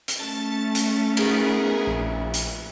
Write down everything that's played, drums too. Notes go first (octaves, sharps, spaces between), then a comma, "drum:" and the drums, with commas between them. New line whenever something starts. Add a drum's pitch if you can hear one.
drum: hi-hat
A3 C#4 A5 A6
drum: hi-hat
B3 G#4 A#4, drum: cymbal
A#1
drum: hi-hat